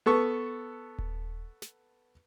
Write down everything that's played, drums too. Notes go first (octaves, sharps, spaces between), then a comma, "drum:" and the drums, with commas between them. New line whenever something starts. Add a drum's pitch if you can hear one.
B3 A4 C#6
drum: kick D#1
drum: snare